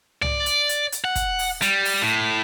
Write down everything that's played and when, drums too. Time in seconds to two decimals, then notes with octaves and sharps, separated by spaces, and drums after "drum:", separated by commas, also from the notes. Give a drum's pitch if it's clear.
0.22 D5, drum: tom C2
0.46 drum: hi-hat
0.69 drum: hi-hat
0.92 drum: hi-hat
1.04 F#5
1.16 drum: kick, hi-hat
1.39 drum: open hi-hat
1.62 G3, drum: hi-hat
1.85 drum: open hi-hat
2.02 A2